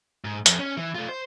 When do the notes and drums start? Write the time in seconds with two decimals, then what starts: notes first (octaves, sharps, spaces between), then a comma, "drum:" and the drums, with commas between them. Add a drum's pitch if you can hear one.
0.24 G#2
0.46 F2, drum: hi-hat
0.59 C#4
0.77 E3
0.95 A3 F4
1.09 C5